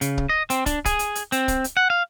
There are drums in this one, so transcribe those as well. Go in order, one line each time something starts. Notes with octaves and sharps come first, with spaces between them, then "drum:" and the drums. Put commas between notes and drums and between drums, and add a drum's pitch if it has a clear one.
C#3, drum: hi-hat
drum: kick
D#5
C4, drum: hi-hat
D4, drum: kick, hi-hat
G#4, drum: kick, hi-hat
drum: hi-hat
drum: hi-hat
C4, drum: hi-hat
drum: kick, hi-hat
drum: hi-hat
F#5
F5